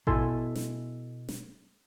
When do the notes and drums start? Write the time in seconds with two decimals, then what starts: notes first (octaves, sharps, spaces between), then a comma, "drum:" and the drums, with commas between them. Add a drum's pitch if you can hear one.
0.07 B2 E4 A4 G#5 C6, drum: kick A1
0.55 drum: snare
1.29 drum: snare